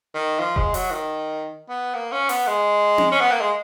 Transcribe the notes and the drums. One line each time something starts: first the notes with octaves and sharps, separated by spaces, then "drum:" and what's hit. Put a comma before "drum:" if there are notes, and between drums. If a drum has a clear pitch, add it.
D#3
F3
G#3, drum: kick F1
F#3, drum: open hi-hat
D#3
B3
A#3
C#4
B3, drum: open hi-hat
G#3
drum: tom C4
C#4
B3
A#3
G#3